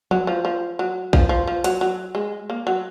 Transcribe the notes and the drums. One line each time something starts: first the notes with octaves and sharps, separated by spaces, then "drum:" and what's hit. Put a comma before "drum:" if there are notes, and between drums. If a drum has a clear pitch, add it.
F#3, drum: tom
F3
F3
F#3
F3, drum: kick A#1
F3
F3
F#3, drum: hi-hat
F#3
G#3
A#3
F#3